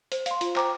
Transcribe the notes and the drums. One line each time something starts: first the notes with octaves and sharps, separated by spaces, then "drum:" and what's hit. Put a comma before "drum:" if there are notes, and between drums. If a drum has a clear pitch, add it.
C5, drum: hi-hat
F5 C6, drum: hi-hat
F4, drum: hi-hat
C5 G5 A#5 D6, drum: clap